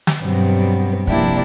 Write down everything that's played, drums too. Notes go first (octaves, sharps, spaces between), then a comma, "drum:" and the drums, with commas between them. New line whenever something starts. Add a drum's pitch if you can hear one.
drum: snare
G2 B2 F#3 G3 B3 C4
C3 F3 A#3 D4 E4 G4, drum: kick